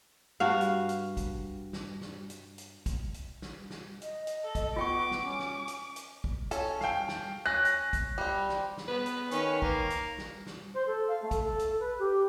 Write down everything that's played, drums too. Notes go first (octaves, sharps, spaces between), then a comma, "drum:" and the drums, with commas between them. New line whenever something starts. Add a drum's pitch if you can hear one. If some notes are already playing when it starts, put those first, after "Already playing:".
G2 F#4 F5
drum: hi-hat
drum: hi-hat
drum: kick, hi-hat
drum: snare
drum: snare
drum: hi-hat
drum: hi-hat
drum: kick, hi-hat
drum: hi-hat
drum: snare
drum: snare
D#5, drum: hi-hat
drum: hi-hat
A4
drum: kick, hi-hat
B3 F4 G5 C#6 D6
drum: snare
C#4
drum: snare
drum: hi-hat
drum: hi-hat
drum: kick
C#4 A4, drum: hi-hat
F5 G5, drum: snare
drum: snare
C#4 F#6 A#6
drum: hi-hat
drum: kick, hi-hat
G3 C4
drum: snare
drum: snare
B3 B4
drum: hi-hat
D#3 C#4, drum: hi-hat
A#3, drum: kick
drum: hi-hat
drum: snare
drum: snare
C5
A4
F5
A3
drum: kick, hi-hat
A4
drum: hi-hat
B4
G4